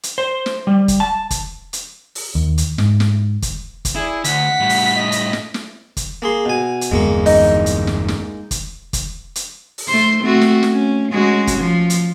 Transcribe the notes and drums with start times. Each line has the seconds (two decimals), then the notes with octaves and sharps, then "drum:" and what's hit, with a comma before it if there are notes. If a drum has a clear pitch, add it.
0.03 drum: hi-hat
0.18 C5
0.46 drum: snare
0.67 G3
0.88 drum: kick, hi-hat
1.00 A5
1.31 drum: kick, hi-hat
1.73 drum: hi-hat
2.15 drum: open hi-hat
2.35 D#2
2.58 drum: hi-hat
2.78 G#2, drum: snare
3.00 drum: snare
3.42 drum: kick, hi-hat
3.85 drum: kick, hi-hat
3.95 E4 G#4 D5
4.24 D2 F#5 B6, drum: hi-hat
4.60 A2 G3
4.69 drum: open hi-hat
4.95 D#5
5.12 drum: hi-hat
5.33 drum: snare
5.54 drum: snare
5.97 drum: kick, hi-hat
6.22 A#3 G#4 C6
6.45 B2 G#5
6.81 drum: hi-hat
6.91 G1 E2 G#3 A#3 B3 C#6
7.26 D#4, drum: open hi-hat
7.66 drum: hi-hat
7.87 drum: snare
8.08 drum: snare
8.51 drum: kick, hi-hat
8.93 drum: kick, hi-hat
9.36 drum: hi-hat
9.78 drum: open hi-hat
9.88 A3 C5
10.22 A3 C4 F#4
10.41 drum: snare
10.63 drum: snare
10.72 C#4
11.12 G#3 C#4 F#4
11.47 drum: kick, hi-hat
11.58 F3
11.90 drum: hi-hat